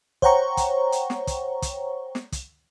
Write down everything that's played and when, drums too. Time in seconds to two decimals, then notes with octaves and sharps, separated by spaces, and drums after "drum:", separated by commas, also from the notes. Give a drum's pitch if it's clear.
0.22 C5 C#5 F#5 G5 A#5 C#6, drum: kick
0.57 drum: kick, hi-hat
0.92 drum: hi-hat
1.10 drum: snare
1.27 drum: kick, hi-hat
1.62 drum: kick, hi-hat
2.15 drum: snare
2.32 drum: kick, hi-hat